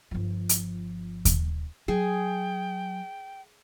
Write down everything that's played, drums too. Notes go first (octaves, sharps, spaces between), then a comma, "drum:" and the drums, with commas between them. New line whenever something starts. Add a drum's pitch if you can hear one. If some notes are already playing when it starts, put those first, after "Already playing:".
G1 F3
drum: hi-hat
drum: kick D#2, hi-hat
F#3 G#4 G5